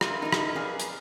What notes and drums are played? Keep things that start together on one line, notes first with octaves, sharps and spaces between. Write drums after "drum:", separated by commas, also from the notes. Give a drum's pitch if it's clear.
E4 F4 A#4, drum: rim click
D#4 D#5
drum: rim click
G#4 A#4 B4 D5 F5
drum: hi-hat